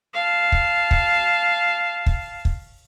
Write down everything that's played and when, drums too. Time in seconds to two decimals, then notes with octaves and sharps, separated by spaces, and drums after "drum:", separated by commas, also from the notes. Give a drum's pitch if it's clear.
0.14 F5 A5
0.52 drum: kick
0.91 drum: kick
2.06 drum: kick
2.45 drum: kick